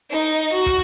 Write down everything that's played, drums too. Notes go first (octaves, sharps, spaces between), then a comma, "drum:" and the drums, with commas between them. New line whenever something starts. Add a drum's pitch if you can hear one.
D#4, drum: hi-hat
F#4
drum: kick, hi-hat